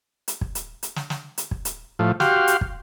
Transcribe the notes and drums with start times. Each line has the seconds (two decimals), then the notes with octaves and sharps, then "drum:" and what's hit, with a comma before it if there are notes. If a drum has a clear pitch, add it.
0.28 drum: hi-hat
0.41 drum: kick
0.55 drum: hi-hat
0.83 drum: hi-hat
0.96 drum: snare
1.10 drum: snare
1.38 drum: hi-hat
1.51 drum: kick
1.65 drum: hi-hat
1.99 A2 F3
2.20 F#4 G4 F5 C6, drum: snare
2.47 drum: hi-hat
2.61 drum: kick